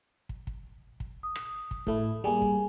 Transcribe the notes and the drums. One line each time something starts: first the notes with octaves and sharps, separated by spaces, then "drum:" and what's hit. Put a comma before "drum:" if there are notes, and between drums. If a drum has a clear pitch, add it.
drum: kick
drum: kick
drum: kick
D#6
drum: rim click
drum: kick
A2 A3 E4, drum: kick
G3 A#3 G#4 G#5
drum: kick